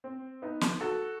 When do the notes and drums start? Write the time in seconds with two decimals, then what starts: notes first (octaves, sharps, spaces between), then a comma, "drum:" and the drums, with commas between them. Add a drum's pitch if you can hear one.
0.04 C4
0.42 B3 D#4
0.61 drum: snare
0.81 F#4 A4